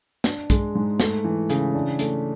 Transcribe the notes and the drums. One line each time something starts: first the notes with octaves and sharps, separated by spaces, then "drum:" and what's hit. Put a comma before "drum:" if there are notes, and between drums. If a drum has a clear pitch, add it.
D4, drum: snare
G#3, drum: kick, hi-hat
G#2
A3, drum: snare
E3
C#3, drum: hi-hat
D4
A3, drum: hi-hat